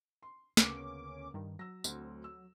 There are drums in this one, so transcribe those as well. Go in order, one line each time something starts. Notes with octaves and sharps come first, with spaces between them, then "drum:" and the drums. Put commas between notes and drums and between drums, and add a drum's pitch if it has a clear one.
C6
D2 C#3 A#3 B3 C#4 D6, drum: snare
G2 D#3
F#3 E6 A#6
D2 C4, drum: tambourine
E6